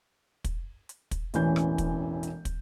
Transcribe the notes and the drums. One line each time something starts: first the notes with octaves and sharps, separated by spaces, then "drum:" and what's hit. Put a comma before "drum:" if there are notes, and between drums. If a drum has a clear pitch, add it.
drum: kick, hi-hat
drum: hi-hat
drum: kick, hi-hat
E1 A1 E3 C#4 G6, drum: hi-hat
drum: rim click
drum: kick, hi-hat
drum: hi-hat
drum: kick, hi-hat